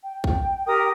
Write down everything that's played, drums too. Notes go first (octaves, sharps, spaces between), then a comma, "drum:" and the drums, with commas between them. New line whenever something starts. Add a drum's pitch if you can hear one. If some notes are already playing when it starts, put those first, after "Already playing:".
G5
drum: kick A#1
G4 A#4 D#6